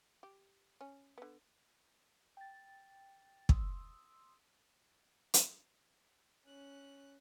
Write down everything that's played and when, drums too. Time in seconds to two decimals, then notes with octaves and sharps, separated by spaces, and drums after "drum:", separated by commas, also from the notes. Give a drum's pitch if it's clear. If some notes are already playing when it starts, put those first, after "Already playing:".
0.23 G4
0.81 C#4
1.18 D3 B3
2.37 G5 A6
3.49 C6 D#6 E6, drum: kick
5.34 drum: hi-hat
6.47 C#4 F#6